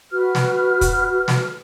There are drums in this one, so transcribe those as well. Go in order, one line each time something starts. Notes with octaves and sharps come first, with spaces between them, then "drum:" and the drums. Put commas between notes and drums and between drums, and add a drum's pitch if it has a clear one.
F#4 B4 F6
drum: snare
drum: kick, hi-hat
drum: snare